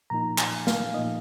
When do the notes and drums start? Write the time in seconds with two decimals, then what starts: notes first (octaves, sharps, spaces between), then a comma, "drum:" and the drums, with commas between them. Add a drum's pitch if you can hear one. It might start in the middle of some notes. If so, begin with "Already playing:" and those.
0.10 A#2 F3 A#3 D#4 A#5
0.38 G#5, drum: clap
0.67 F5, drum: snare
0.94 A#2 F3 A#3 D#4 D#5